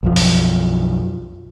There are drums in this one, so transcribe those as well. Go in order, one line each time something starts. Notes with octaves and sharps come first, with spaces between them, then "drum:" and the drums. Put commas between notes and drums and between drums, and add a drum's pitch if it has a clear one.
B1 F#2 F3
drum: open hi-hat